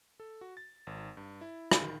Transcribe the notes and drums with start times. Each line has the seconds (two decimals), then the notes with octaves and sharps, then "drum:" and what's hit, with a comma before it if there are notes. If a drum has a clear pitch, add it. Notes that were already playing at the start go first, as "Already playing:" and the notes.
0.20 A4
0.41 F#4
0.57 A6
0.87 G#1
1.17 G2
1.41 E4
1.71 drum: rim click
1.82 D#3